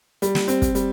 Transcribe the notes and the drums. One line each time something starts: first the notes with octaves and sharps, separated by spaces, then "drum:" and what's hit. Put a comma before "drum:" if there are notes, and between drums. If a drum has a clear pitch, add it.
G3, drum: hi-hat
drum: snare
C4, drum: hi-hat
drum: kick, hi-hat
G3, drum: hi-hat